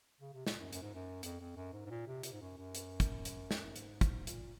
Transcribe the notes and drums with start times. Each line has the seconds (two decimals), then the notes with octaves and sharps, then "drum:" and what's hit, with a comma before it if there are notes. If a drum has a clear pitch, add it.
0.21 C#3
0.34 C3
0.47 A#2, drum: snare
0.59 F#2
0.73 F#2, drum: hi-hat
0.82 G#2
0.94 F#2
1.23 F2, drum: hi-hat
1.40 F2
1.56 F#2
1.73 G#2
1.85 G#2
1.90 A#2
2.07 C3
2.23 C3, drum: hi-hat
2.33 G#2
2.41 F#2
2.57 F#2
2.75 drum: hi-hat
3.00 drum: kick, hi-hat
3.25 drum: hi-hat
3.51 drum: snare
3.76 G#2, drum: hi-hat
4.01 drum: kick, hi-hat
4.27 A#2, drum: hi-hat